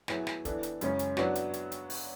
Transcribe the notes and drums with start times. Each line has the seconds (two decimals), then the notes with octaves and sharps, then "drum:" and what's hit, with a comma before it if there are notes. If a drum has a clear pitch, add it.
0.08 A2 F#3 B3 E4 G#4, drum: snare
0.27 drum: snare
0.45 E3 B3 D4 A4, drum: kick, hi-hat
0.63 drum: hi-hat
0.81 F#2 C#3 G#3 C#4, drum: hi-hat
0.99 drum: hi-hat
1.17 F#3 B3 D4 F#4, drum: snare
1.35 drum: hi-hat
1.54 drum: hi-hat
1.72 drum: hi-hat
1.90 drum: open hi-hat